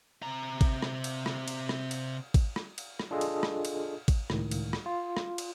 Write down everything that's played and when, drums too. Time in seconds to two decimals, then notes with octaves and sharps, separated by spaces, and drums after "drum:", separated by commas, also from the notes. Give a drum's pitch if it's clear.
0.22 C3 A#5
0.61 drum: kick G#1, cymbal
0.82 drum: rim click
1.04 drum: cymbal
1.26 drum: rim click
1.48 drum: cymbal
1.69 drum: rim click
1.91 drum: cymbal
2.34 drum: kick G#1, cymbal
2.56 drum: rim click
2.78 drum: cymbal
3.00 drum: rim click
3.11 D4 F4 G#4 A4 D#5
3.21 drum: cymbal
3.43 drum: rim click
3.65 drum: cymbal
4.08 drum: kick G#1, cymbal
4.30 C#2 A2 D#3, drum: rim click
4.51 drum: cymbal
4.73 drum: rim click
4.86 F4
5.17 drum: rim click
5.38 drum: cymbal